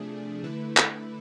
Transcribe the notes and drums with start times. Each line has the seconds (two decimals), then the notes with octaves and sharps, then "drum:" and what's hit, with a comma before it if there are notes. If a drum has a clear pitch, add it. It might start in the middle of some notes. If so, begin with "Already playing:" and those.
Already playing: C3 F3 A3 D4 G#4
0.43 D3 A3 E4 B4
0.77 drum: clap